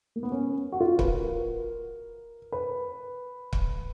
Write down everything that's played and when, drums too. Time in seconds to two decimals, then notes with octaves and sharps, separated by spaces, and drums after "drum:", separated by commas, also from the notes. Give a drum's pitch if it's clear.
0.16 A#3
0.23 B3
0.32 C#4
0.72 F#4
0.81 F4
0.99 B4, drum: kick
1.05 A#4
2.52 B4
3.53 drum: kick